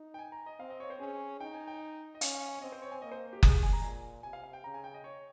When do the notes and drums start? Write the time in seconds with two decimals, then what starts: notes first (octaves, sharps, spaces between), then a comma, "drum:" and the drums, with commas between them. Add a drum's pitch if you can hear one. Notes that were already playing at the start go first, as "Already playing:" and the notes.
Already playing: D#4
0.14 G5
0.19 G#5
0.32 A#5
0.46 D#5
0.59 C4 F5
0.70 D#5
0.80 C#5
0.90 C5
1.00 C#4 G#4
1.40 D#4 G5
1.54 G#5
1.67 G5
2.15 D#5
2.21 C#4 F5, drum: hi-hat
2.35 F5
2.48 F5
2.55 C#5
2.61 C4 D#5
2.72 C5
2.82 C#5
2.92 G#5
3.02 A#3 D#5
3.12 C5
3.33 G4
3.43 G#3 G#4, drum: kick F#1
3.63 G#5
3.73 A#5
3.83 A#2 G#5
4.23 C3 G#5
4.33 F5
4.43 F5
4.53 G5
4.64 C#3 A#5
4.74 G#5
4.84 G5
4.94 D#5
5.04 C#5